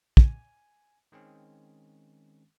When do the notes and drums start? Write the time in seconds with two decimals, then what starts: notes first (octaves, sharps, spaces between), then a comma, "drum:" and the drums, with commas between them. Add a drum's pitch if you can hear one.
0.17 G#5, drum: kick
1.12 D#3 G#3 C4 C#4